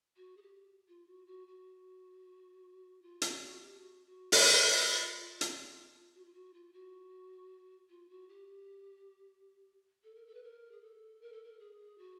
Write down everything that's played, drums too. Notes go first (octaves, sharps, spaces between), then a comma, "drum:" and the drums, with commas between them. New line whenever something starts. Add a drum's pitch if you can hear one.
F#4
G#4
G4
F4
F#4
F#4
F#4
F4
F#4, drum: hi-hat
F#4
G4
F#4
F#4
F4, drum: open hi-hat
drum: hi-hat
F#4
F4
F#4
F4
F#4
F4
F#4
G4
A4
A#4
A4
B4
A#4
G#4
A4
A#4
A4
A#4
G#4
F#4